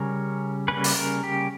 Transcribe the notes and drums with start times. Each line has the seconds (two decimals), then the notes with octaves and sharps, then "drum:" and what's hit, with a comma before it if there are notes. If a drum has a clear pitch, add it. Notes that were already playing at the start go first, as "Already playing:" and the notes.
Already playing: C#3 G3 C#4 A#4
0.68 C#3 G3 A#3 C#4 B4
0.84 drum: open hi-hat
0.96 A#4
1.24 G4